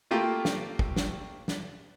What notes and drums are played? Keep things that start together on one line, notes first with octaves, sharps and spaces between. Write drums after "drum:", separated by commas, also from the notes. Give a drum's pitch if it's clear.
A3 A#3 F4 G4
drum: snare
drum: kick
drum: snare
drum: snare